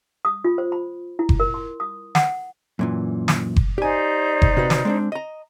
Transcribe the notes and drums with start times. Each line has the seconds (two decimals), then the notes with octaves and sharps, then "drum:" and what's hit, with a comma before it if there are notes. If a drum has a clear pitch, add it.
0.25 D#6
0.44 F4
0.58 C5
0.72 B5
1.19 E4
1.29 drum: kick F#1
1.40 A#4
1.54 C6
1.80 D#6
2.15 F#5, drum: snare
2.79 F#2 A#2 E3
3.28 drum: snare
3.56 drum: kick F#1
3.78 D#4 G4 C5 D5 G#5
4.42 drum: kick F#1
4.57 C3 F#4 B4
4.70 drum: snare
4.85 G#3 C4 D4
5.12 D#5 A#5